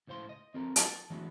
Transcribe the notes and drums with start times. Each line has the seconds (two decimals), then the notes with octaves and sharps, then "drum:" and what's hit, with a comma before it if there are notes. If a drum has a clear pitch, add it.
0.07 C#2 A2 C5 F5 C6
0.29 D#5
0.54 C4 F4 A4 A#4
0.76 A5, drum: hi-hat
1.10 D3 E3 F#3 G#3 A3 B3